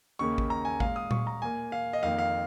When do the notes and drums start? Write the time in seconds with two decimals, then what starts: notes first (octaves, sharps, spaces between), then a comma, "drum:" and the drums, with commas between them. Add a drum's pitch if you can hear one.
0.19 D#2 C#3 A#3 C#6
0.38 drum: kick A1
0.50 A#5
0.65 G#5
0.80 A#2 G#3 F5, drum: kick A1
0.96 D#6
1.11 C#6, drum: tom A#2
1.27 A#5
1.42 A#2 A#3 G#5
1.72 F5
1.93 D#5
2.03 F2 D#3 A#3 F5
2.18 F5